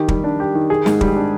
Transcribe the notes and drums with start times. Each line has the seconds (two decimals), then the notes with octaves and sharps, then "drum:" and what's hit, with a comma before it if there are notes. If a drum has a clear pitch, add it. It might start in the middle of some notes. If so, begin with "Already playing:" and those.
Already playing: D#3 G4
0.08 G3, drum: kick
0.24 D4
0.40 G4
0.55 D#3
0.70 G#4
0.86 G#2, drum: snare
1.01 G3, drum: kick
1.16 D4